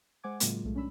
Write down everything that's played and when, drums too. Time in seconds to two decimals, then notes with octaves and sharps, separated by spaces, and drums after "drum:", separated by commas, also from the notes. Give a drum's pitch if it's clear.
0.23 G#3 C5 F#5 G#5 D6 G#6
0.40 A2 C#3 F#3 G#3 A#3 F4, drum: hi-hat
0.64 B1 G#3 A3
0.75 C#4 D4 B5 E6